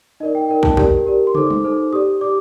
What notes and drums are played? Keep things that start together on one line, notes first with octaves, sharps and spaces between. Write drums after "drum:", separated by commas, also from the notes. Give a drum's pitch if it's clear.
D#4 A#4 D5 D#5
G5
D#4 A#4 D5 G5
A5, drum: kick
G4 A#4 D5, drum: kick
G4 A#4 D5
C6
D#4 A4 C5 D6, drum: tom
drum: tom
D#4 A4 C5
G4 D5 D#6
G4 D5 D6